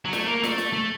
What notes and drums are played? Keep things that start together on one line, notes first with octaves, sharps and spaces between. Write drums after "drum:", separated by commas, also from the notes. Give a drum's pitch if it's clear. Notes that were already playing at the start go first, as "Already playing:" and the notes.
F#3
A3, drum: snare
A#3
A3, drum: snare
drum: snare
A3